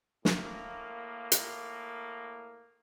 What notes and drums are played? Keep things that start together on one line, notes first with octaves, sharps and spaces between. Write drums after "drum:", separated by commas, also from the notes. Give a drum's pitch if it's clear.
A2 A#3, drum: snare
drum: hi-hat